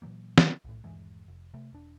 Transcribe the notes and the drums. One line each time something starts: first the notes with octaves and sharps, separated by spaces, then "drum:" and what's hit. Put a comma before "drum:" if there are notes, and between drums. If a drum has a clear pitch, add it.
A#2 E3 F#3 A#3
drum: snare
B1 A2
D#1 G2 E3 G#3
F1
C3 A3
E1 D4